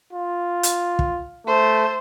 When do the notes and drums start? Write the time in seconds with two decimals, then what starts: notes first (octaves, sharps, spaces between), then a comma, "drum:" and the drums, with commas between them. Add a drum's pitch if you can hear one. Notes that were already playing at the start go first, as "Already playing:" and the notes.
0.13 F4
0.63 drum: hi-hat
0.99 drum: kick
1.47 A3 C5